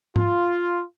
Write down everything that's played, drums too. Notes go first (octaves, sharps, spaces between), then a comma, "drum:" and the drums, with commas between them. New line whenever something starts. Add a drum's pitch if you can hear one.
F4, drum: tom G#2